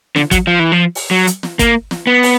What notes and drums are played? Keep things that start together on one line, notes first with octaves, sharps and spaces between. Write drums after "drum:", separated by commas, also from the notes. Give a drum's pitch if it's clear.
D3, drum: snare
F#3, drum: kick, hi-hat
F3
E3
F3
drum: open hi-hat
F#3
drum: hi-hat
drum: snare
A#3, drum: kick, hi-hat
drum: snare
B3
drum: open hi-hat